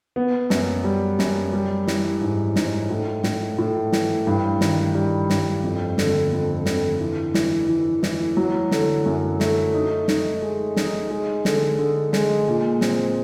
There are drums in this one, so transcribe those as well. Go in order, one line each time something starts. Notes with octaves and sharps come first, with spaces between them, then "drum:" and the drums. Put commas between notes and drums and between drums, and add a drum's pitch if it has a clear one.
B3
F#2, drum: snare
G3
F#2, drum: snare
G3
E3, drum: snare
G#2
G#2, drum: snare
A2
A2, drum: snare
A2
E3, drum: snare
G2
D#3, drum: snare
G3
G2, drum: snare
F2
D3, drum: snare
F2
D3, drum: snare
E3
E3, drum: snare
E3
E3, drum: snare
F#3
D3, drum: snare
F#2
A3, drum: snare
D#4
D#4, drum: snare
G#3
D#4, drum: snare
G#3
D3, drum: snare
D3
G#3, drum: snare
A#2
C4, drum: snare